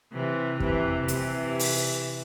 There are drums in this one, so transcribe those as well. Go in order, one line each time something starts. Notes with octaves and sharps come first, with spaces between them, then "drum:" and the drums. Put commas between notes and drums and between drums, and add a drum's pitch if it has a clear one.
C3 E3
C3 E3, drum: kick F2
C3 E3, drum: hi-hat
drum: open hi-hat